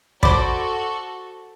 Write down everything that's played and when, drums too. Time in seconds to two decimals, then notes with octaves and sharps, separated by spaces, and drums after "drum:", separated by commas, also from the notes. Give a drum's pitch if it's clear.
0.23 F#4 A4 C5 D5 B5 D6, drum: kick